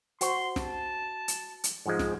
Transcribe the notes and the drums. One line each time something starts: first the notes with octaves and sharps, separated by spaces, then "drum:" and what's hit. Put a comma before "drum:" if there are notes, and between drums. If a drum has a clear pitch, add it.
F#4 C5 C6, drum: hi-hat
A5, drum: snare
drum: hi-hat
drum: hi-hat
G#2 F3 G#3
drum: snare